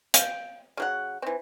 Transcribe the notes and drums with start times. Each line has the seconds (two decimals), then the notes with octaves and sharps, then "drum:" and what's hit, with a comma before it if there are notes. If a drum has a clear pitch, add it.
0.14 F5 G5, drum: hi-hat
0.77 C#3 F#3 F#5
1.22 E3 C4